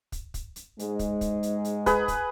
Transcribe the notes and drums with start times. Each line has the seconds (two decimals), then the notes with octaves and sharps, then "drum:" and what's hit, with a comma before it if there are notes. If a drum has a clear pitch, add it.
0.12 drum: kick, hi-hat
0.34 drum: kick, hi-hat
0.56 drum: hi-hat
0.79 G#2 G#3, drum: hi-hat
0.99 drum: kick, hi-hat
1.21 drum: kick, hi-hat
1.43 drum: hi-hat
1.65 drum: hi-hat
1.86 G#4 B4, drum: kick, hi-hat
2.08 drum: kick, hi-hat